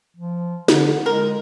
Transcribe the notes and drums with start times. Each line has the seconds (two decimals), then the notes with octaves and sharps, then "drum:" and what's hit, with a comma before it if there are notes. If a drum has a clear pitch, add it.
0.17 F3
0.68 D3, drum: snare
1.06 G#3 A#4